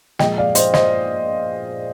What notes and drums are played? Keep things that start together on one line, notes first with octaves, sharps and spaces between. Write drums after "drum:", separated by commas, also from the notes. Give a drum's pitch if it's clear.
A#2 F3 G#3 D#5 G5, drum: snare
D5 F5
C5 D#5, drum: hi-hat
C5 D#5, drum: snare